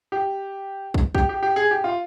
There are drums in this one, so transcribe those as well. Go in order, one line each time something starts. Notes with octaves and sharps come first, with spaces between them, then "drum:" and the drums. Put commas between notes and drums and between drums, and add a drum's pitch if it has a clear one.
G4
drum: kick
G4, drum: kick
G4
G4
G#4
G4
F4